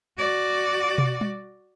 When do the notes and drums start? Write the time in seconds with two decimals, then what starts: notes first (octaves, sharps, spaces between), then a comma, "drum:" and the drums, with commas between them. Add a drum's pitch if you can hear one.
0.19 F#4 D5
0.98 drum: tom
1.21 drum: tom G3